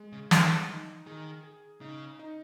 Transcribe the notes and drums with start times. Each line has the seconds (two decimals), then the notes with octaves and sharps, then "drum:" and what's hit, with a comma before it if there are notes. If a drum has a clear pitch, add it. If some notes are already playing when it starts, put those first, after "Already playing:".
Already playing: G#3
0.12 C#3
0.31 D#3 G#4, drum: snare
0.69 D#4
1.06 D#3 G#4
1.43 G#4
1.81 C#3 D#4
2.19 D#4